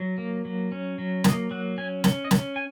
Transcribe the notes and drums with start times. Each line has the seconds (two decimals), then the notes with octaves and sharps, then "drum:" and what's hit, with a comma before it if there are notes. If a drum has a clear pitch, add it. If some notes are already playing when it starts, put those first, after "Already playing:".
Already playing: F#3
0.18 A#3
0.45 F#3
0.72 C#4
0.98 F#3
1.24 A#3 D#5, drum: snare
1.51 F#3 F#5
1.78 C#4 G#5
2.04 C#4, drum: snare
2.25 D#5
2.31 C#4, drum: snare
2.56 G#5